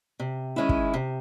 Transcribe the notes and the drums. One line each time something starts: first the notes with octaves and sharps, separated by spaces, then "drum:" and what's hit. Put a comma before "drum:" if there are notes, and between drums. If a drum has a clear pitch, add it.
C3
D#3 G#3 C#4 E4
drum: kick
C3